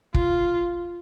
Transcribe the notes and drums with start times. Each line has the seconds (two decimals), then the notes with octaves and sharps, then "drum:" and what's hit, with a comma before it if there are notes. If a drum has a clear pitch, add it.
0.14 F4, drum: kick